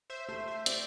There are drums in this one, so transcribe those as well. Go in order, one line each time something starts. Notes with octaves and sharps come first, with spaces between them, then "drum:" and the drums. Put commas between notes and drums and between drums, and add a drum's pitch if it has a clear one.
C5 E5
A3 C5
C5 E5
C4 D5 G5, drum: hi-hat